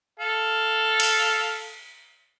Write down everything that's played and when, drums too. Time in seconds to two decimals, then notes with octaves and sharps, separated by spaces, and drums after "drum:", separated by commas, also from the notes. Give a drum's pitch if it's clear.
0.19 A4 F5
1.00 drum: cymbal